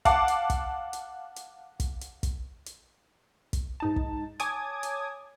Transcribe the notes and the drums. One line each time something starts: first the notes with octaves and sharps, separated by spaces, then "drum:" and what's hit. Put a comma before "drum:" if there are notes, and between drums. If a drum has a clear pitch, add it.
F5 F#5 A5 D6, drum: kick, hi-hat
drum: hi-hat
drum: kick, hi-hat
drum: hi-hat
drum: hi-hat
drum: kick, hi-hat
drum: hi-hat
drum: kick, hi-hat
drum: hi-hat
drum: kick, hi-hat
G#2 D#4 A5
drum: kick
C#5 G#5 A5 D6 D#6 G#6, drum: hi-hat
drum: hi-hat